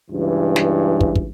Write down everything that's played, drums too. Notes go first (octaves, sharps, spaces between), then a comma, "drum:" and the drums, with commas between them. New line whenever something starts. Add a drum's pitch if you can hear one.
C#2 G2 E3
drum: snare
drum: kick
drum: kick